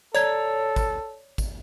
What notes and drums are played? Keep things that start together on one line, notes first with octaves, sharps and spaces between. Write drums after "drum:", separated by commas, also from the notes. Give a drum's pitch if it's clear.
A4 C#5 D5 A#5 G#6, drum: tambourine
drum: kick G#1, tambourine
drum: kick G#1, tambourine